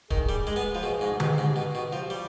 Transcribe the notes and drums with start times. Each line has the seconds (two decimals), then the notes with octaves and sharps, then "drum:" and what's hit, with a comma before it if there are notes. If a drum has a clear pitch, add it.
0.11 D#3 G#4, drum: kick
0.29 G3
0.47 G#3
0.56 B3
0.75 F3
0.83 B2 G#4
1.01 G#2
1.20 B2 G4, drum: tom D3
1.38 G#2
1.56 B2
1.75 B2
1.93 F3 F4
2.10 G3